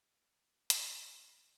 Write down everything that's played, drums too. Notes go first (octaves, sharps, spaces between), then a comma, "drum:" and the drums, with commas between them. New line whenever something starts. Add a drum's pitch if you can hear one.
F2 A#2
A#2, drum: hi-hat
F#3